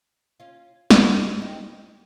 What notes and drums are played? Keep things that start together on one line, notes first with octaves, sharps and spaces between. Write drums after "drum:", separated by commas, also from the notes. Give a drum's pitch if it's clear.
C#4 F4
drum: snare
C4 D#4